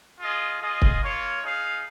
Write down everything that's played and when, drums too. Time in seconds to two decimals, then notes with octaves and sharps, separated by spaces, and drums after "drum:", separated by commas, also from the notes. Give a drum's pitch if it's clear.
0.21 F4 G#4 D#5
0.61 F4 G#4 D#5
0.82 drum: kick C#1
1.02 A#3 F4 C#5
1.43 D#4 G#4 F5